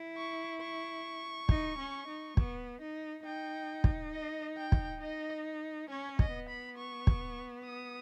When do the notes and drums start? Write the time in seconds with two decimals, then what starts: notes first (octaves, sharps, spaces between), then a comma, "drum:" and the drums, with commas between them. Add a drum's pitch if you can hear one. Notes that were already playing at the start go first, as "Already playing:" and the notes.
Already playing: E4
0.17 C#6
0.61 C#6
1.49 D#4, drum: kick
1.78 C#4
2.07 D#4
2.37 B3, drum: kick
2.81 D#4
3.25 D#4 G5
3.84 drum: kick
4.13 D#5
4.57 G5
4.72 drum: kick
5.01 D#4 D#5
5.89 C#4 C#5
6.19 D#5, drum: kick
6.34 B3
6.49 B5
6.78 C#6
7.07 drum: kick
7.65 D#6